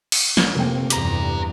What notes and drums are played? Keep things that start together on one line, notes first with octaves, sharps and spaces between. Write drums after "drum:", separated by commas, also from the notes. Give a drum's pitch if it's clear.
drum: cymbal
drum: snare
F1 A#3 C4 G5
E2 G2 G4 A#5, drum: hi-hat